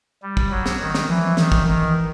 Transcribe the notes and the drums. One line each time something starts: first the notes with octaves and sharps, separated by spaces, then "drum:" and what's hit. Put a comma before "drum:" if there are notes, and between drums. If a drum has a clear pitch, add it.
G3
drum: kick
F#3
drum: snare
D#3
drum: snare
E3 F3
F3
D#3 E3, drum: snare
E3, drum: kick
D#3